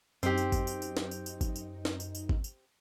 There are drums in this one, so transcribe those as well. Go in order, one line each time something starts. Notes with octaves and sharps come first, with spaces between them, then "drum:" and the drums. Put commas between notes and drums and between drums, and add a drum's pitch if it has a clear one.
F#2 C4 D#4 G4, drum: tambourine
drum: tambourine
drum: kick G#1, tambourine
drum: tambourine
drum: tambourine
drum: snare
drum: tambourine
drum: tambourine
drum: kick G#1, tambourine
drum: tambourine
drum: snare
drum: tambourine
drum: tambourine
drum: kick G#1
drum: tambourine